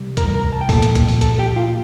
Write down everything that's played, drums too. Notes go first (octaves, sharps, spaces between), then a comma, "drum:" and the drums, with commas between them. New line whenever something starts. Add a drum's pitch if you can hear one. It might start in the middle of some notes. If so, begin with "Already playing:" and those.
Already playing: C2 G3
A#4 A#5, drum: kick C#2, hi-hat
A#4 A#5
A5
G5
A#2 F3 A#3 A4 A5, drum: kick C#2, open hi-hat
drum: hi-hat
drum: kick C#2, hi-hat
drum: open hi-hat
A4 A5, drum: hi-hat
G4 G5
F4 F5